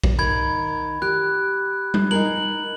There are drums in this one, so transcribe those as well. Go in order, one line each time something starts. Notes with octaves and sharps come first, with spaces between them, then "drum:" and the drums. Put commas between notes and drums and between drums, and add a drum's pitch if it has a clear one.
drum: kick
D#3 B5 G#6
G4 F#6
drum: tom G3
D#4 G#4 A#4 F#7